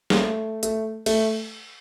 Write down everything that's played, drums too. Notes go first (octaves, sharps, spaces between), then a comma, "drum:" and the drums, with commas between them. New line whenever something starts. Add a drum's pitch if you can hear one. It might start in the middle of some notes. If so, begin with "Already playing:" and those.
A#3, drum: snare
A3
A3, drum: hi-hat
A3, drum: cymbal